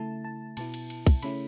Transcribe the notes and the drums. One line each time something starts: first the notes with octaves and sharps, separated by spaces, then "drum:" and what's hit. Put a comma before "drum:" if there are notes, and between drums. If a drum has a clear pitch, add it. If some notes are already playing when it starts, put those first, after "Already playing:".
Already playing: C#3 A3 E4 A5
A5
B2 B3 E4 A5, drum: cymbal
drum: cymbal
drum: cymbal
drum: kick, cymbal
C#3 A3 C#4 E4 B5, drum: cymbal